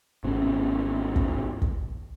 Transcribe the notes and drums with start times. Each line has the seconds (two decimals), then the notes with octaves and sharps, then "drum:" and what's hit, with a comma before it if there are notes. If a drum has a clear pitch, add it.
0.24 G#1 C3 B3 C#4
1.16 drum: kick
1.62 drum: kick